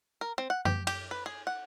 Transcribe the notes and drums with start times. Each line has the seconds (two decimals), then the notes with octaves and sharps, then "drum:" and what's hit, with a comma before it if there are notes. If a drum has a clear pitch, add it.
0.21 A#4
0.38 C4
0.50 F#5
0.65 G4, drum: tom F#2
0.87 G4, drum: cymbal
1.11 B4
1.26 G#4
1.47 F#5